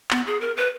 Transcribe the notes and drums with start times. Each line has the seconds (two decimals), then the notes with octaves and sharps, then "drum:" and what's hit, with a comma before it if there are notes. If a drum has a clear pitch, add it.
0.11 B3, drum: clap
0.27 G#4
0.41 A#4
0.57 B4